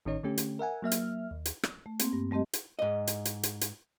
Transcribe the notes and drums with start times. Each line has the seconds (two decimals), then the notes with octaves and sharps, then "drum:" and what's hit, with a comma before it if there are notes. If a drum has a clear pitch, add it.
0.05 A1 D#3 C#4 D#4 C#5
0.23 D3 A3 C#4 G4
0.38 drum: hi-hat
0.59 A#4 E5 F#5 G#5
0.82 F#3 A#3 E5 F6
0.92 drum: hi-hat
1.31 D#2
1.45 drum: hi-hat
1.63 drum: rim click
1.86 A3
1.99 A#3 C4, drum: hi-hat
2.13 G2
2.31 G3 A3 C4 G4 D#5
2.53 drum: hi-hat
2.79 G#2 D#5
3.07 drum: hi-hat
3.25 drum: hi-hat
3.43 drum: hi-hat
3.61 drum: hi-hat